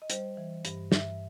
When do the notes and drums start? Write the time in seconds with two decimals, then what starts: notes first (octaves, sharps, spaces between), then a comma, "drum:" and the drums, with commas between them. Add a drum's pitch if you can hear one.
0.02 D#5
0.10 G3 C5, drum: hi-hat
0.37 E3
0.65 G2, drum: hi-hat
0.92 G2 E5, drum: snare